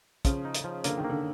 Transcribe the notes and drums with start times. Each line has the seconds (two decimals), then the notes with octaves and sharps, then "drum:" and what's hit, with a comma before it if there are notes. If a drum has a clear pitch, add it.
0.25 C#3 F3, drum: kick, hi-hat
0.45 D#4
0.54 drum: hi-hat
0.64 F3
0.84 D3 A#3, drum: hi-hat
0.97 D#3
1.04 A#3
1.10 D3